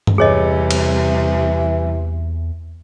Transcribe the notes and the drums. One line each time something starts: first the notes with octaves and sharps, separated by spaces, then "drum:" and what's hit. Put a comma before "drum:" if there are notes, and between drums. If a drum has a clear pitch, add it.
drum: tom G2
E2 C3 E3 G3 G#4 C#5 D#5
drum: cymbal